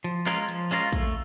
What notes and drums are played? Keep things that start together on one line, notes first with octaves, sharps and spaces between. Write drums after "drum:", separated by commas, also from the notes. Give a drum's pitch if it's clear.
F3, drum: hi-hat
G#3 C#4 F4 A#4, drum: clap
F3, drum: hi-hat
G#3 C#4 F4 A#4, drum: hi-hat
A3, drum: kick, hi-hat